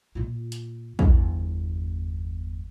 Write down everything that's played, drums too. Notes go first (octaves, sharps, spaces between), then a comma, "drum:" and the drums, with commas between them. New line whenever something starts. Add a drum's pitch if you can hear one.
A#2 F4
drum: hi-hat
G1 E2, drum: kick